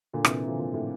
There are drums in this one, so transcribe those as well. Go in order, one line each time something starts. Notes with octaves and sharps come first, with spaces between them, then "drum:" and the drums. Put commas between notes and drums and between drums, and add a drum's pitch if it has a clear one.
A#2 D3
C3 E3, drum: rim click
D3 F3
A#2
A2